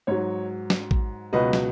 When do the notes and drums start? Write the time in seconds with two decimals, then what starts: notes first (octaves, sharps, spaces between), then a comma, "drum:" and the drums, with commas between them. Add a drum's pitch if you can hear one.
0.07 G#2 F#3 C#5
0.70 drum: snare
0.91 drum: kick
1.33 C#2 B2 F#3 B4 D#5
1.53 drum: snare